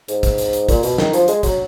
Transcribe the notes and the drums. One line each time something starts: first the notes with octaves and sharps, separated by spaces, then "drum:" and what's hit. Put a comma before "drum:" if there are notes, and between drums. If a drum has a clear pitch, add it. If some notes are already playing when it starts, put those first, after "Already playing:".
G#2, drum: hi-hat
drum: kick, hi-hat
drum: hi-hat
drum: hi-hat
A#2, drum: kick, hi-hat
B2, drum: hi-hat
D#3, drum: snare
F3, drum: hi-hat
G#3, drum: hi-hat
F#3, drum: kick, hi-hat